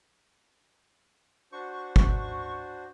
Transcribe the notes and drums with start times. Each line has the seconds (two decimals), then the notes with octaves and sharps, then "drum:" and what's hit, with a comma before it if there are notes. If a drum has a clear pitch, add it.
1.52 D4 F#4 C5 C#6
1.96 drum: kick G1